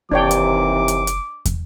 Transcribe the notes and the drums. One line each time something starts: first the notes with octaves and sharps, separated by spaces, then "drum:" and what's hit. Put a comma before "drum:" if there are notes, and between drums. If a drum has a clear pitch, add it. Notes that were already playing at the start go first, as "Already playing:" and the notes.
F#1 D#2 C3 E3 D4 C#5 G5 D6
drum: hi-hat
drum: hi-hat
drum: hi-hat
drum: kick, hi-hat